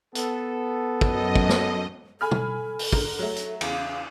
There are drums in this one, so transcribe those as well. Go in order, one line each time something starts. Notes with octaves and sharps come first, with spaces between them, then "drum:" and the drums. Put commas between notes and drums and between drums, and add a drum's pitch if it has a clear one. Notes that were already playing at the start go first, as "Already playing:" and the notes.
B3 A4, drum: hi-hat
F#2 D#5, drum: kick
drum: kick
drum: snare
A4 G#5 B5 F6
drum: tom
drum: open hi-hat
D3 A#4, drum: kick
F#3 A3
drum: hi-hat
E2 C#3 F5, drum: cymbal